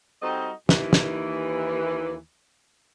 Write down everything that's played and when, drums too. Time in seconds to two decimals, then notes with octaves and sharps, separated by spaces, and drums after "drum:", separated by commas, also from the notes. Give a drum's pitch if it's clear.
0.22 G3 C4 D#4 F#4 A4 D#5
0.69 D#2 E3, drum: snare
0.93 drum: snare